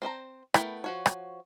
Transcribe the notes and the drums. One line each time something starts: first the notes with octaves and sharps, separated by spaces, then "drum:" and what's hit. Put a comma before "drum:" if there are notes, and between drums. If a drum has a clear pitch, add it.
C4 C5 D#5 A#5
A3 B3 E4 A#4 G5, drum: rim click
F3 F#4 C#5
drum: rim click